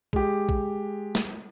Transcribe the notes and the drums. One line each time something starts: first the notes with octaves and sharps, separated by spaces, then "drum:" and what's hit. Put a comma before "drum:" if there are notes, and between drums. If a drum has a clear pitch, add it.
G#3 G4, drum: kick A#1
drum: kick A#1
drum: snare